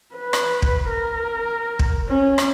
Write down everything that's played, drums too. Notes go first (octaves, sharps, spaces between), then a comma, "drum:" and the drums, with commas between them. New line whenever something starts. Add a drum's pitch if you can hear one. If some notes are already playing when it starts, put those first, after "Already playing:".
B4
drum: rim click
drum: kick
A#4
drum: kick
C#4
drum: rim click